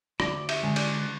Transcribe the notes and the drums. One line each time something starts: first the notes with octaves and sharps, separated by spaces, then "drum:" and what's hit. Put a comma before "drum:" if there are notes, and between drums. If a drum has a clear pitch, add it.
D2 D5, drum: rim click
E5, drum: cymbal
D3 G#3
D5, drum: cymbal